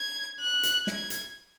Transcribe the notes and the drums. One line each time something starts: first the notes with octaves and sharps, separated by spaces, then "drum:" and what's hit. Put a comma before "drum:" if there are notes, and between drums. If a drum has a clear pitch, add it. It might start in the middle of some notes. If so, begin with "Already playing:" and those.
Already playing: G#6
F#6
drum: hi-hat
G#6, drum: snare
drum: hi-hat